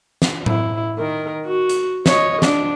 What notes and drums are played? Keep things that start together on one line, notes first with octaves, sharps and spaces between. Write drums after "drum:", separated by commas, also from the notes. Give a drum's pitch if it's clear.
drum: snare
E4, drum: tom A2
D#3 A#4
F#4
drum: hi-hat
C#5 D#5, drum: snare
D4, drum: snare